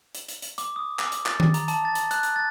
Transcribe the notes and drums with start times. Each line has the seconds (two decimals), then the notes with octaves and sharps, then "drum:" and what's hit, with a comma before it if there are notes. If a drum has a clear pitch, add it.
0.15 drum: hi-hat
0.29 drum: hi-hat
0.42 drum: hi-hat
0.58 D6, drum: hi-hat
0.76 D#6
0.99 D6, drum: clap
1.12 drum: hi-hat
1.26 A6, drum: clap
1.40 drum: tom D#3
1.54 A#5, drum: hi-hat
1.68 A5, drum: hi-hat
1.85 A6
1.95 drum: hi-hat
2.11 F#6, drum: hi-hat
2.23 drum: hi-hat
2.36 A6